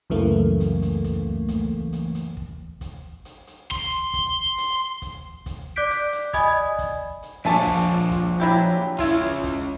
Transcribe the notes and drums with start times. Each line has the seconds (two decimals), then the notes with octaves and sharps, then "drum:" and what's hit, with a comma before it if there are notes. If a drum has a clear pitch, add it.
0.10 C#2 F#2 E3 A3 A#3
0.60 drum: hi-hat
0.82 drum: hi-hat
1.04 drum: kick, hi-hat
1.48 drum: kick, hi-hat
1.93 drum: hi-hat
2.15 drum: hi-hat
2.37 drum: kick
2.81 drum: kick, hi-hat
3.25 drum: hi-hat
3.47 drum: hi-hat
3.71 C6, drum: kick, hi-hat
4.13 drum: kick, hi-hat
4.58 drum: hi-hat
5.02 drum: kick, hi-hat
5.46 drum: kick, hi-hat
5.76 D5 D6 F#6 G6 B6 D7
5.90 drum: hi-hat
6.12 drum: hi-hat
6.33 D5 D#5 G#5 B5 D#6 G#6, drum: kick, hi-hat
6.79 drum: kick, hi-hat
7.23 drum: hi-hat
7.45 A#1 F3 D4 C#5 E5 G#5 A5, drum: hi-hat
7.67 drum: kick, hi-hat
8.11 drum: kick, hi-hat
8.40 F#3 E4 G4
8.55 drum: hi-hat
8.99 C#4 E4 F4 C6, drum: kick, hi-hat
9.44 drum: kick, hi-hat